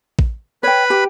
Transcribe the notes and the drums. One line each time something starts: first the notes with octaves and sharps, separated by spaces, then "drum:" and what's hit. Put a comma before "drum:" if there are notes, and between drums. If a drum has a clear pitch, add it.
drum: kick A1
B4 C#5 G5 B5
G4